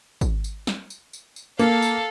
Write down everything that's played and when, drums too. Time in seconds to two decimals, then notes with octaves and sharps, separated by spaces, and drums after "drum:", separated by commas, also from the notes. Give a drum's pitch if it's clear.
0.21 drum: kick, tambourine
0.44 drum: tambourine
0.67 drum: snare
0.90 drum: tambourine
1.13 drum: tambourine
1.36 drum: tambourine
1.59 A#3 A4 F5, drum: tambourine
1.82 drum: tambourine